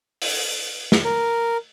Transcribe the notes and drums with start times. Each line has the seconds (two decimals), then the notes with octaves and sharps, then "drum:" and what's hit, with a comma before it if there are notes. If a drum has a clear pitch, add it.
0.22 drum: open hi-hat
0.92 drum: snare
1.04 A#4